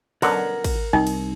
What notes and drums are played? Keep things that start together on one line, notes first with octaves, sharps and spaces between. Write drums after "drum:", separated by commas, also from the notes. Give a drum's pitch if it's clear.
B2 D3 F#3 A#4 F#5, drum: cymbal
drum: kick, cymbal
C2 D#3 D#4
drum: cymbal